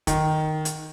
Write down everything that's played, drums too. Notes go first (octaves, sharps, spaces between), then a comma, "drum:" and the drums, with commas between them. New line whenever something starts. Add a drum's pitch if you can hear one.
D#3, drum: kick, hi-hat
drum: hi-hat